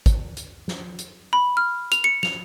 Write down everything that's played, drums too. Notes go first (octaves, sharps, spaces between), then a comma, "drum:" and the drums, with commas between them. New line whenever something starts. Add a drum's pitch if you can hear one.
drum: kick, hi-hat
drum: hi-hat
drum: snare
drum: hi-hat
B5
F6
F7, drum: hi-hat
C#7
F7, drum: snare